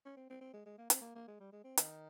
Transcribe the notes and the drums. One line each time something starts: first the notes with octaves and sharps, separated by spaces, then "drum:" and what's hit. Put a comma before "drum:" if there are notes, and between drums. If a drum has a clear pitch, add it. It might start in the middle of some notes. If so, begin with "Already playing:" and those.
C#4
C4
C4
C4
G#3
G#3
A#3
C4, drum: hi-hat
A#3
A#3
G#3
G3
G#3
C4
D#3, drum: hi-hat